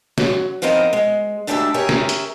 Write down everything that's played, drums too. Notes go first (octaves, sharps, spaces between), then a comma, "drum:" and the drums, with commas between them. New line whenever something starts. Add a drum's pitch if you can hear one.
F#3, drum: snare
F3 B3 C4 D#4 A#4
G#3
D2 G#2 D4 G4 A4 E5
G4 G#4 A#4 C#5 E5 G#5
drum: snare
drum: hi-hat